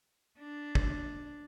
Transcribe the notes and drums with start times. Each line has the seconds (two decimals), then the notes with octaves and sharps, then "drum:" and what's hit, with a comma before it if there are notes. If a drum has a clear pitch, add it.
0.39 D4
0.75 drum: kick